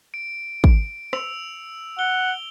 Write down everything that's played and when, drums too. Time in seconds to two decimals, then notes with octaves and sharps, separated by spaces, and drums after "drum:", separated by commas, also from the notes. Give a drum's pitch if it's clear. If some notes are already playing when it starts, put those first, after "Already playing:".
0.14 D7
0.64 drum: kick
1.13 E6 F7, drum: rim click
1.99 F#5 G7